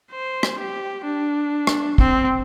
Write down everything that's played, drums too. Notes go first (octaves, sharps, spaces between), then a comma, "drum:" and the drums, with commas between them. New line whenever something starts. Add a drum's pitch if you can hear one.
C5
drum: rim click
G4
D4
drum: rim click
C4, drum: kick